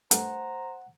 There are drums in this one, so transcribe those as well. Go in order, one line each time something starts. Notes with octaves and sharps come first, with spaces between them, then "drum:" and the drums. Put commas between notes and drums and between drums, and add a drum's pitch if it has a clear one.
G2 A3 C5 F#5 A#5, drum: hi-hat